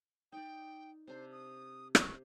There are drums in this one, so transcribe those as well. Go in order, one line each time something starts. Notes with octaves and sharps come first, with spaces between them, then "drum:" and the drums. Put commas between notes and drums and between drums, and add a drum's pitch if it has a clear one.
D#4 D5 G5
C3 D4 C5
D#6
G4 C5 C#6, drum: rim click